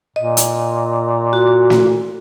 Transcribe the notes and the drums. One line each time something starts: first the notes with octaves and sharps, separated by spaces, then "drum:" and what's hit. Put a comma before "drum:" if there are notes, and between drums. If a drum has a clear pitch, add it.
A#2 D#5
drum: hi-hat
F#4
drum: snare